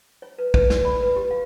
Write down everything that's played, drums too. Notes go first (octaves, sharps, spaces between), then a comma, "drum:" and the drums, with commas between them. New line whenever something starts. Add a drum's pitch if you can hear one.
C#5
B4
B4, drum: kick
D5, drum: snare
B5
B4
G4
F5